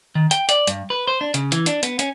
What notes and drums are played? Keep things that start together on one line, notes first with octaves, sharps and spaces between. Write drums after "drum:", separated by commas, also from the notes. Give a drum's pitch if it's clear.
D#3
G5, drum: hi-hat
D5, drum: hi-hat
G2, drum: hi-hat
B4
C5
D4
C#3, drum: hi-hat
E3, drum: hi-hat
D4, drum: hi-hat
B3, drum: hi-hat
C#4, drum: hi-hat